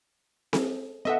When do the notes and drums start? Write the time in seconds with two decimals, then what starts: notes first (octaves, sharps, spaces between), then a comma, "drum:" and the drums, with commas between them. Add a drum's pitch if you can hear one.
0.53 G#4 A4, drum: snare C4
1.05 B3 A4 D#5 E5 F#5